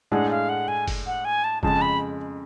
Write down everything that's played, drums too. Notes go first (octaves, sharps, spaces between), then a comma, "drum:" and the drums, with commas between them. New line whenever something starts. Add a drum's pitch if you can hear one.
A2 G#3 D4 G#4 F#5
F5
F#5
G#5
drum: kick, open hi-hat
F#5
G#5
A5
F2 C#3 G#3 A5, drum: kick
B5